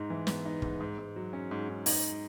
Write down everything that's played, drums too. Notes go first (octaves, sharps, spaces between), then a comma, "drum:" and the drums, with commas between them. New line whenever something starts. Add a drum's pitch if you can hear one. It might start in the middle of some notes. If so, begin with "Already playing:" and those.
Already playing: G#2 D#4
E3
B3, drum: snare
D#4
G#2, drum: kick
G#2
G#2
F#3
C#4
G#2
G#2
D#4, drum: open hi-hat